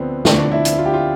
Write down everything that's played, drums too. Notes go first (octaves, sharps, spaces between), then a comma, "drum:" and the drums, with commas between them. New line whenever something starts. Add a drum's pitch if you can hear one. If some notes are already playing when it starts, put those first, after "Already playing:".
Already playing: D2 D3 F3 B3 C4
D2 D3 F3 D4, drum: snare
E4
drum: hi-hat
F4
G4
F4